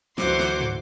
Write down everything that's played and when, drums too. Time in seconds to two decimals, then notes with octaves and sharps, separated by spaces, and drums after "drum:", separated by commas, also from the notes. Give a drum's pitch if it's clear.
0.18 D2 E3 F#4 C5 C6 D6, drum: snare
0.39 drum: snare
0.61 drum: tom